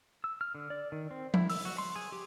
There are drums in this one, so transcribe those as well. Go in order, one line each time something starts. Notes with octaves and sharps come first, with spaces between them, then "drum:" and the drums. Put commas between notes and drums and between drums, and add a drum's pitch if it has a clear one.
E6
F6
D3
D5
D#3
C4
E4, drum: tom F3
E6, drum: open hi-hat
F#4
C6
G#4
G4